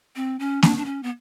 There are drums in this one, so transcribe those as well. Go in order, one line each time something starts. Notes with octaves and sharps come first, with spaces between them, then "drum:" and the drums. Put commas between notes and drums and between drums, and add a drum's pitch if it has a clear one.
C4
C#4
D4, drum: snare A#3
D4
C#4
B3